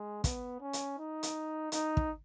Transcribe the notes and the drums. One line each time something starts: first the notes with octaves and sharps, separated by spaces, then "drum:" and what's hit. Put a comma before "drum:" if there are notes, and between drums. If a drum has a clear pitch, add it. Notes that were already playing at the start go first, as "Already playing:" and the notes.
Already playing: G#3
B3, drum: kick, hi-hat
C#4
drum: hi-hat
D#4
drum: hi-hat
D#4, drum: hi-hat
drum: kick